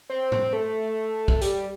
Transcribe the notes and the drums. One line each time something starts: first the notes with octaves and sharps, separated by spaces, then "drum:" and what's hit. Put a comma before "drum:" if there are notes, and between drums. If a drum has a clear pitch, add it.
C4
C4, drum: tom
A3
drum: kick
G3, drum: hi-hat